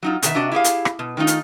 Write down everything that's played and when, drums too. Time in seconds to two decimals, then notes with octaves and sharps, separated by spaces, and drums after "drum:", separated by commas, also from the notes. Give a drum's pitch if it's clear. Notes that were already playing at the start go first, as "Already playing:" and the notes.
0.03 F#3 D#4 F4
0.22 B2 D#3 A4 E5, drum: hi-hat
0.35 C3 D4 F#4 D#5
0.52 E4 G4 G#4 F5
0.64 drum: hi-hat
0.85 drum: rim click
0.99 B2
1.17 D#3 F#3 A3 D#4 F4
1.27 drum: hi-hat